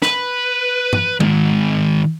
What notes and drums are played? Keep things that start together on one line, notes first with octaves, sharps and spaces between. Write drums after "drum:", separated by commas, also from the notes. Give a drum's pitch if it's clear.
B4, drum: snare
drum: tom G2
G#2 D#3, drum: tom